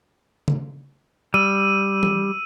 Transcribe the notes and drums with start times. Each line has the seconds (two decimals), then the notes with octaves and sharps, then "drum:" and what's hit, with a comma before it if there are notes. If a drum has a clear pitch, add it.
0.48 drum: tom C#3
1.34 G3 E6 D#7
2.03 drum: tom